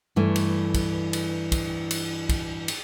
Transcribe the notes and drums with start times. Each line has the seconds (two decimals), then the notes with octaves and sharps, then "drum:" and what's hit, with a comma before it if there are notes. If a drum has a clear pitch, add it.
0.16 G2 E3 A3
0.36 drum: cymbal
0.74 drum: kick, cymbal
1.13 drum: cymbal
1.52 drum: kick, cymbal
1.91 drum: cymbal
2.29 drum: kick, cymbal
2.68 drum: cymbal